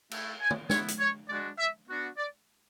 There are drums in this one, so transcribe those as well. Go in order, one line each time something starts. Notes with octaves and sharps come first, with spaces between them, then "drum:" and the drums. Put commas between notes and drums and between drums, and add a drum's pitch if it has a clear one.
A3 E4, drum: cymbal
G#5
drum: tom
B3 E4 C#5, drum: snare
drum: hi-hat
C#5
G#3 D4 F#4 D5
E5
B3 D4 F#4
D5